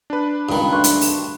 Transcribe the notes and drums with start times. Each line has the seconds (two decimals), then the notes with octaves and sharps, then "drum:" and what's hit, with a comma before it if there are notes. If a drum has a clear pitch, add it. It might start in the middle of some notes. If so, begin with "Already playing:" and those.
0.10 D4 B4
0.49 C#2 G2 D#3 F5 B5
0.73 D2 C6 C#6 F#6
0.84 drum: hi-hat
1.01 drum: open hi-hat